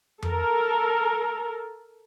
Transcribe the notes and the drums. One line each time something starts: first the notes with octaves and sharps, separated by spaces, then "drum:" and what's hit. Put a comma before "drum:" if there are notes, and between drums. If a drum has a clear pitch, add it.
A4 A#4, drum: tom F2